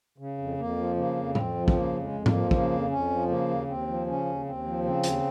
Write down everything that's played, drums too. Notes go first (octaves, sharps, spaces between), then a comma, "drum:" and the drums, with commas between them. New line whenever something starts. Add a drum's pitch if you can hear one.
C#3
F2
F2 A#3
F3
C#3 A#3
F2
F2 C4, drum: tom
F3
C4, drum: kick
C#3 A#3
F2
G#3
F2
A#3, drum: tom G#2
F3
C#3 A#3, drum: kick
F2
F2 C#4
F3
C#3 A#3
D#2
D#2 C4
F3
C#3 C#4
D#2
D#2 C4
F3
C#3 C4
D#2, drum: hi-hat